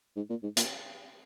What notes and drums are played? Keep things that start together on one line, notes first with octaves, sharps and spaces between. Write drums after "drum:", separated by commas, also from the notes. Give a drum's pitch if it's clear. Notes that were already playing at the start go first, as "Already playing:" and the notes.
G#2
A#2
G#2
A#2, drum: hi-hat